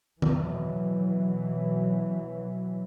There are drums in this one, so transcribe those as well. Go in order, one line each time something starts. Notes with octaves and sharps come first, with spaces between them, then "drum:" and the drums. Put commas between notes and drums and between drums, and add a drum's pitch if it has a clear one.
B2 E3 F#3, drum: tom D#3